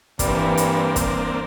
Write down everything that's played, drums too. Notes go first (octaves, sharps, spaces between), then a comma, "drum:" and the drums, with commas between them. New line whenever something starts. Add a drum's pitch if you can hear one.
G2 E3 G3 A#3 C4 D4, drum: kick, hi-hat
drum: hi-hat
drum: kick, hi-hat